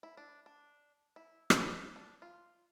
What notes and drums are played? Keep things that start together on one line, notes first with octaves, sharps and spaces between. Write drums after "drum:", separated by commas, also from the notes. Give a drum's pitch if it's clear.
E4
D4
D4
E4
drum: rim click
D4
F4